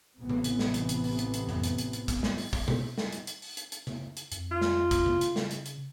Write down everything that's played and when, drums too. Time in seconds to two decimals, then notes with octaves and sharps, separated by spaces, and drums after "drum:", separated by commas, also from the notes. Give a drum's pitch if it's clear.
0.18 A1 C3 E3 B3
0.29 drum: tom C#3
0.44 drum: hi-hat
0.59 drum: snare
0.74 drum: hi-hat
0.89 drum: hi-hat
1.04 drum: open hi-hat
1.19 drum: hi-hat
1.34 drum: hi-hat
1.49 drum: tom F2
1.64 drum: hi-hat
1.78 drum: hi-hat
1.93 drum: hi-hat
2.08 drum: kick, hi-hat
2.23 drum: snare
2.38 drum: open hi-hat
2.53 drum: kick
2.68 drum: tom B2
2.98 drum: snare
3.12 drum: hi-hat
3.27 drum: hi-hat
3.42 drum: open hi-hat
3.57 drum: hi-hat
3.72 drum: hi-hat
3.87 drum: tom C#3
4.17 drum: hi-hat
4.32 F2, drum: hi-hat
4.51 F4
4.61 drum: snare
4.91 drum: kick, hi-hat
5.06 drum: tom C#3
5.21 C#3, drum: hi-hat
5.36 drum: snare
5.51 drum: hi-hat
5.66 drum: hi-hat